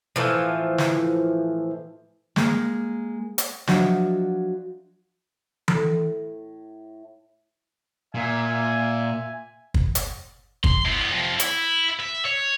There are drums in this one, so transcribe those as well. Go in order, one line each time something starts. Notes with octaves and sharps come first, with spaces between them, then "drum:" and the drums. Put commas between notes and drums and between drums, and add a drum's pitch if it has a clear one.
A2 E3 F3
drum: snare
G#3 A#3, drum: snare
drum: hi-hat
F3 F#3 D4 F#4 D#5 E5, drum: snare
A2, drum: tom E3
A#2 E5 G#5
drum: kick
drum: hi-hat
C6, drum: kick
A2 B3
C3 F3
E4, drum: hi-hat
E5
C#5